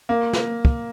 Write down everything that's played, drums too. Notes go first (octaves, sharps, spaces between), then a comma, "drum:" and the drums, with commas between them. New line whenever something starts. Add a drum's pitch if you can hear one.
A#3
drum: snare
drum: kick